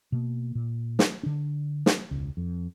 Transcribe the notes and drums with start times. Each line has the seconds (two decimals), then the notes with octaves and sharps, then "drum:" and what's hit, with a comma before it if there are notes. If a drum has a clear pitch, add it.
0.12 B2 A#3
0.55 A#2
0.99 drum: snare
1.23 D3 D4
1.86 drum: snare
2.11 E1 C#2
2.37 F2